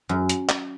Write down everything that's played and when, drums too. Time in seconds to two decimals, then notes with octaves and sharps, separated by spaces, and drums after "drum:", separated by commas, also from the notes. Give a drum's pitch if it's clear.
0.09 F#2
0.29 drum: hi-hat
0.49 drum: clap